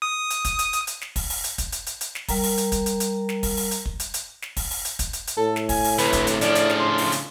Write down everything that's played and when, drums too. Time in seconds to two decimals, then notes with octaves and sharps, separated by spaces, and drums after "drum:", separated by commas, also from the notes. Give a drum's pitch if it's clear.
0.02 D#6
0.30 drum: hi-hat
0.45 drum: kick, hi-hat
0.59 drum: hi-hat
0.73 drum: hi-hat
0.87 drum: hi-hat
1.01 drum: snare
1.16 drum: kick, open hi-hat
1.30 drum: open hi-hat
1.44 drum: hi-hat
1.58 drum: kick, hi-hat
1.72 drum: hi-hat
1.87 drum: hi-hat
2.01 drum: hi-hat
2.15 drum: snare
2.28 G3 A#4 A#5, drum: kick, open hi-hat
2.43 drum: open hi-hat
2.58 drum: hi-hat
2.72 drum: kick, hi-hat
2.86 drum: hi-hat
3.00 drum: hi-hat
3.29 drum: snare
3.43 drum: kick, open hi-hat
3.57 drum: open hi-hat
3.71 drum: hi-hat
3.86 drum: kick
4.00 drum: hi-hat
4.14 drum: hi-hat
4.42 drum: snare
4.57 drum: kick, open hi-hat
4.71 drum: open hi-hat
4.85 drum: hi-hat
4.99 drum: kick, hi-hat
5.13 drum: hi-hat
5.28 drum: hi-hat
5.37 A2 A4
5.56 drum: snare
5.69 G#5, drum: kick, open hi-hat
5.84 drum: open hi-hat
5.99 D2 C3 B4, drum: hi-hat
6.13 drum: kick, hi-hat
6.27 drum: hi-hat
6.41 C#3 F3 D4 D5, drum: hi-hat
6.55 drum: hi-hat
6.70 drum: snare
6.79 C6
6.98 drum: open hi-hat
7.12 drum: hi-hat